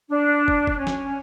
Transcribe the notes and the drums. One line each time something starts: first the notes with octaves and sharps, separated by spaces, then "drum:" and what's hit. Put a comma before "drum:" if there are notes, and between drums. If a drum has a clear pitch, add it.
D4
drum: kick
drum: kick
C#4
drum: snare